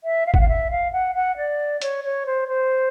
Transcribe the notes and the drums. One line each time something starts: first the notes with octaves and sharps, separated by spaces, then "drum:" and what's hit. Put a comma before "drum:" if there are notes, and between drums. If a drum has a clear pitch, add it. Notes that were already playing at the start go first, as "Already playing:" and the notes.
E5
F5
F#5, drum: kick G#1
F5
E5
F5
F#5
F#5
D5
C#5, drum: hi-hat
C#5
C5
C5